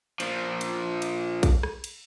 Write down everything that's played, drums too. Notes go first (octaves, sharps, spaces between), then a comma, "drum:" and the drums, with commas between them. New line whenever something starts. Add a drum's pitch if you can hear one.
A#2 F3, drum: cymbal
drum: cymbal
drum: cymbal
drum: kick A#1, cymbal
drum: rim click
drum: cymbal